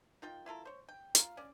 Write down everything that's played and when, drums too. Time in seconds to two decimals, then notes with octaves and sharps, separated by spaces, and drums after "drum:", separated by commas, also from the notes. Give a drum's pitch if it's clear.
0.22 D#3 F4 G5
0.46 E4 F4 A4 A#4
0.65 C5 C#5
0.89 G5
1.15 F4 A#4 F5, drum: hi-hat
1.37 C#4 D5